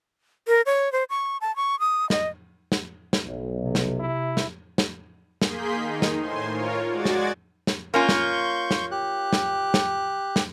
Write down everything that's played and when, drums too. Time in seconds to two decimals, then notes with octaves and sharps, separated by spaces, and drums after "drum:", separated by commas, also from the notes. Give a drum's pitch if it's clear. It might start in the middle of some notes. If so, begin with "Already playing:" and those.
0.48 A#4
0.66 C#5
0.93 C5
1.10 C#6
1.41 A5
1.56 C#6
1.80 D#6
2.10 D#5, drum: snare
2.72 drum: snare
3.13 drum: snare
3.25 B1
3.61 C3
3.75 drum: snare
4.00 E4
4.37 drum: snare
4.78 drum: snare
5.42 A#3 G#4 C6 G6 B6, drum: snare
5.73 D#3 D#4
6.02 drum: snare
6.18 A2 C5 G#5 C6
6.49 F4 A#4 C#5
6.88 G#3 F#4 D5 D6 G#6 A6
7.05 drum: snare
7.67 drum: snare
7.94 A#3 C#4 F4 C6 C#6 G6
8.09 drum: snare
8.71 drum: snare
8.91 G4 F#6
9.33 drum: snare
9.74 drum: snare
10.36 drum: snare